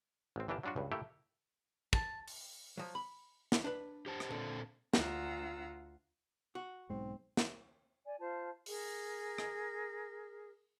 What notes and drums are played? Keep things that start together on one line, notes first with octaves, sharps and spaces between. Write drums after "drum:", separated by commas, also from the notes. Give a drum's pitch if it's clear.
A1 C4
G1 E3 A#3 D4 G4 A5
F#3 G3 D4 F4 F#4
C#2 G2
A3 A#3 E4 G4 A4
A5, drum: kick
drum: open hi-hat
F3 F#3
B5
drum: snare
D4 B4
G4 C5 A5
drum: rim click
A#2 D3 C4 A4
D2 F4 F#5 A#5 E6, drum: snare
F#4
B1 G#2 G#3 C4
drum: snare
D5 G#5
F4 C5 A5
G#4 A#4, drum: open hi-hat
drum: rim click